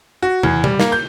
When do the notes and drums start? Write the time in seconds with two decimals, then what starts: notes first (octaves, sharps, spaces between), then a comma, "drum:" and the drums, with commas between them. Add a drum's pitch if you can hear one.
0.22 F#4
0.43 E2, drum: tom
0.64 G3, drum: tom C3
0.80 A#3, drum: snare
0.92 G6